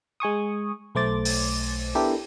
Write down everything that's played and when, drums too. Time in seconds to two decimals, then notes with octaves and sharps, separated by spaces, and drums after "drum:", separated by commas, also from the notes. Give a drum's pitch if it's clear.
0.20 G#3 G#5 C#6 D#6
0.95 B1 A3 C5 D6 A6
1.25 drum: open hi-hat
1.95 B3 D4 E4 G4 A4 A#4